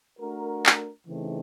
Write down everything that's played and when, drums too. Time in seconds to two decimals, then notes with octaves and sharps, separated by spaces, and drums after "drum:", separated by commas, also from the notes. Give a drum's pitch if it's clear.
0.18 A3 D4 F#4 A#4
0.66 drum: clap
1.07 C#3 E3 A3 C4 D#4